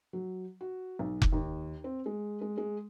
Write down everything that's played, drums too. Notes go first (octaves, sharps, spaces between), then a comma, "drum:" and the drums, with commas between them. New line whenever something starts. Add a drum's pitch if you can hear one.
F#3
F#4
B1
drum: kick F1
D#2
C4
G#3
G#3
G#3